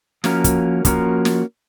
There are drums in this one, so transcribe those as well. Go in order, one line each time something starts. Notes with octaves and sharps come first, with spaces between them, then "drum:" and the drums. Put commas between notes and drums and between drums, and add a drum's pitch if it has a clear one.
F3 A#3 C#4 F#4 A#4, drum: snare
drum: kick, hi-hat
F3 A#3 C#4 F#4 A#4, drum: kick, hi-hat
drum: snare